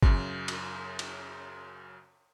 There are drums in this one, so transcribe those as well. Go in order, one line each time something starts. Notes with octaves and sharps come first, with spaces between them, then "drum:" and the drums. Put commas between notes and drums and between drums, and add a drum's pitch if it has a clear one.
F#2 C#3, drum: kick
drum: cymbal
drum: cymbal